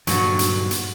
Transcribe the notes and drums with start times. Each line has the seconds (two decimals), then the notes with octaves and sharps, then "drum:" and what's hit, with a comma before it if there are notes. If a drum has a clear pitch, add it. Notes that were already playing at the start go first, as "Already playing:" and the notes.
0.07 G2 A#2 D3 F#3, drum: hi-hat
0.39 drum: hi-hat
0.71 drum: hi-hat